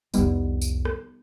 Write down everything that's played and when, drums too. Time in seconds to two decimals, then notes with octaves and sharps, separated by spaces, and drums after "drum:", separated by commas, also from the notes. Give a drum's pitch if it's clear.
0.14 C2 F2 G3 B3 D#4, drum: tambourine
0.61 drum: tambourine
0.85 drum: rim click